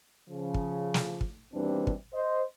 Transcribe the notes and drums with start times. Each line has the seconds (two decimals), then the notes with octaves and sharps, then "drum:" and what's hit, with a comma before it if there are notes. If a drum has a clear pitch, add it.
0.28 C#3 F3
0.54 drum: kick
0.94 drum: snare
1.21 drum: kick
1.54 D#2 B2 E3 G3 C4 D4
1.87 drum: kick
2.13 C5 D#5